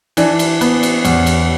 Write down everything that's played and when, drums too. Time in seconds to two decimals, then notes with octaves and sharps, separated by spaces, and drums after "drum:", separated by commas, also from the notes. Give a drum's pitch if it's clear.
0.17 E3 D4, drum: cymbal
0.39 drum: cymbal
0.61 B3, drum: cymbal
0.83 drum: cymbal
1.05 E2, drum: cymbal
1.26 drum: cymbal